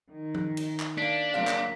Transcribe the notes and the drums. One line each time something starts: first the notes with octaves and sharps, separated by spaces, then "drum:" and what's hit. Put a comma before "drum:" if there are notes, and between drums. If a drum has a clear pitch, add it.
D#3
drum: tom F3
drum: cymbal
drum: clap
A3 A#3 D4 B6
C#3 F#3 A#3 C4 F5
drum: clap